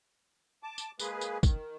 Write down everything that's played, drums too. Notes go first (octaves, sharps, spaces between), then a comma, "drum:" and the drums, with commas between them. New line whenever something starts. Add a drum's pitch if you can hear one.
A5 D6
drum: tambourine
G#3 A#3 G#4 B4, drum: tambourine
drum: tambourine
D#3, drum: kick, tambourine